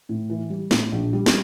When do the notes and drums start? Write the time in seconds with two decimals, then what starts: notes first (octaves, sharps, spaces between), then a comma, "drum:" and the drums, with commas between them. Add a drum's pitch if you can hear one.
0.09 A2
0.30 E3
0.50 G3
0.71 A2, drum: snare
0.92 A#1
1.13 G3
1.26 drum: snare